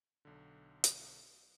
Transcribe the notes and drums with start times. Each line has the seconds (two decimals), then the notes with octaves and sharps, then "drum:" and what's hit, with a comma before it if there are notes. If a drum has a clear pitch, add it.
0.25 B1 D3
0.84 drum: hi-hat